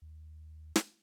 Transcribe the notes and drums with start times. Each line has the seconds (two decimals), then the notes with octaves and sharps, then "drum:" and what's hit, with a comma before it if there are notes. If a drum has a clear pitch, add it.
0.02 D#2
0.76 drum: snare